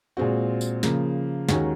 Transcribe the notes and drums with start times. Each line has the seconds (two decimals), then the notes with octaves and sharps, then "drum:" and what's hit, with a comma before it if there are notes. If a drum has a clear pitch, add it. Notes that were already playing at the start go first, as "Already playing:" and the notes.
0.17 A#2 G#3 C4 F#4
0.61 drum: tambourine
0.83 C#3 F3 A#3, drum: snare
1.49 D#2 D#3 G#3 C#4 F#4, drum: snare